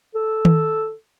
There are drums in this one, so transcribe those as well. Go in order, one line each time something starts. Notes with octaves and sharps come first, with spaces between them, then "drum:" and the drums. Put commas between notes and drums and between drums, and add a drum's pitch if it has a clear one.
A4
drum: tom D#3